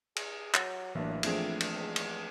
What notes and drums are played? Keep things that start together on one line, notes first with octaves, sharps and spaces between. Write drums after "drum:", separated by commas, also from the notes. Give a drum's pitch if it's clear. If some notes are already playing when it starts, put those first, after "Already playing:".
G#4, drum: cymbal
F#3, drum: clap
A1 E3 F#3 A#3 D4 E4
F3 A3 C4 D4 G#4, drum: cymbal
drum: cymbal
G#2
drum: cymbal